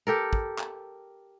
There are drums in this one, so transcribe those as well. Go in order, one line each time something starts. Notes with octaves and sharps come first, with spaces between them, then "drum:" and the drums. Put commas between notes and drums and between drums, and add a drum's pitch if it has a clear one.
G4 A4 A#4
drum: kick
drum: clap